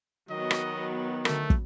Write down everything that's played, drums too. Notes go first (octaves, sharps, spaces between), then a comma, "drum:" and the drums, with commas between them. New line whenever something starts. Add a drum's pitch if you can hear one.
D#3 F#3 B3 D#5
drum: rim click
D3 A3 A#4, drum: rim click
drum: kick